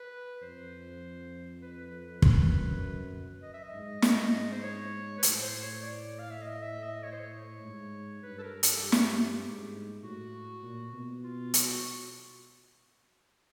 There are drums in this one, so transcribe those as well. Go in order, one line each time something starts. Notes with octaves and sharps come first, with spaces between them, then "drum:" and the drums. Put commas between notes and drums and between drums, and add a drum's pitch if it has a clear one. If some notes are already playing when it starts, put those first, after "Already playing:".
Already playing: B4
F2 C5
B4
F#2, drum: kick
D#5
E5
D#5
G#2
G#2, drum: snare
C5
C#5
B4
A2 C5, drum: hi-hat
C5
C#5
D5
F5
E5
D#5
E5
D#5
C#5
C5
C#5
G#2
G2 B4
A4
A#4
A4, drum: hi-hat
G4
F#4, drum: snare
G4
G#2
A2 F#4
A#2
B2
F4
F#4, drum: hi-hat